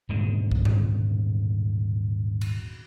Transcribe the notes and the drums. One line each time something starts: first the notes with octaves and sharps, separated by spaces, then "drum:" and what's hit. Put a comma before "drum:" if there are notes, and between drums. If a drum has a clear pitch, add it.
D#1 G#2 B2 D3
drum: kick
drum: tom F#2
drum: cymbal